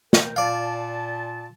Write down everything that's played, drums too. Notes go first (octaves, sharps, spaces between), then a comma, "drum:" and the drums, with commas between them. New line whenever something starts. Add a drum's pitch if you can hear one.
A#4 G5, drum: snare
A#2 D5 F5 A5